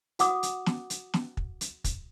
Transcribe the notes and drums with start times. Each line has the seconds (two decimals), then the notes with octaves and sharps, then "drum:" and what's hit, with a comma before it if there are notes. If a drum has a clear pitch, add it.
0.19 F#4 F#5 D6 D#6, drum: hi-hat
0.43 drum: hi-hat
0.66 drum: snare
0.90 drum: hi-hat
1.14 drum: snare
1.37 drum: kick
1.61 drum: hi-hat
1.84 drum: kick, hi-hat